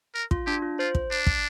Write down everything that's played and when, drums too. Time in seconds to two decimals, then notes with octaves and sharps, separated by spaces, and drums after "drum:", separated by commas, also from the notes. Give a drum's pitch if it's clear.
0.15 A#4
0.31 F4, drum: kick
0.46 D4 G4
0.62 F4
0.79 F4 C5
0.95 drum: kick
1.11 D4
1.27 drum: kick